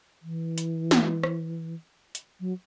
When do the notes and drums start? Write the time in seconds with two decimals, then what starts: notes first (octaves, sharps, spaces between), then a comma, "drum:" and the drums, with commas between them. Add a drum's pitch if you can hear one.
0.22 E3
0.58 drum: hi-hat
0.91 drum: snare
1.23 drum: rim click
2.15 drum: hi-hat
2.40 F#3